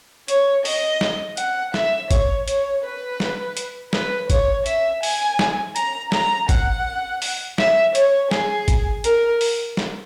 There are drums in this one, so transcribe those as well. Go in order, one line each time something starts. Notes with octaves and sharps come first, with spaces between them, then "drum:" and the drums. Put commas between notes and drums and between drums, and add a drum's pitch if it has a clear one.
C#5, drum: hi-hat
D#5, drum: open hi-hat
drum: snare
F#5, drum: hi-hat
E5, drum: snare
C#5, drum: kick, hi-hat
C#5, drum: hi-hat
B4
drum: snare
drum: hi-hat
B4, drum: snare
C#5, drum: kick, hi-hat
E5, drum: hi-hat
G#5, drum: open hi-hat
drum: snare
A#5, drum: hi-hat
A#5, drum: snare
F#5, drum: kick, hi-hat
drum: open hi-hat
E5, drum: snare
C#5, drum: hi-hat
G#4, drum: snare
drum: kick, hi-hat
A#4, drum: hi-hat
drum: open hi-hat
drum: snare